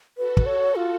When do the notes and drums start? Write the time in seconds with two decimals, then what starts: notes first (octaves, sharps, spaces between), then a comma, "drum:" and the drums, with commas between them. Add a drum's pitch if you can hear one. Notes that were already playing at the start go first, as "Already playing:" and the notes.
0.17 F#4 A4 B4
0.37 drum: kick
0.46 C#5
0.76 F4